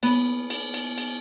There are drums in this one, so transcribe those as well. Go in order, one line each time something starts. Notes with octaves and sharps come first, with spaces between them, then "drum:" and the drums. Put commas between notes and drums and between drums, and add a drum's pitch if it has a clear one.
B3, drum: cymbal
drum: cymbal
drum: cymbal
drum: cymbal